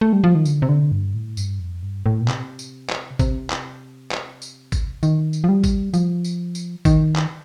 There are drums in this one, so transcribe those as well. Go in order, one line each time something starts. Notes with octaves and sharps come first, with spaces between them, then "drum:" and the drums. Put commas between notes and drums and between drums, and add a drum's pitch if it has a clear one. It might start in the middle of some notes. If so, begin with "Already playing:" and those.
A3
G3
F3
D#3
D3, drum: tambourine
C3
D3
G2
A2
G2, drum: tambourine
F2
G2
A2
A#2
C3, drum: clap
drum: tambourine
drum: clap
C3, drum: kick, tambourine
drum: clap
drum: clap
drum: tambourine
drum: kick, tambourine
D#3, drum: tambourine
drum: tambourine
F3
G3
drum: kick, tambourine
F3, drum: tambourine
drum: tambourine
drum: tambourine
D#3, drum: kick, tambourine
drum: clap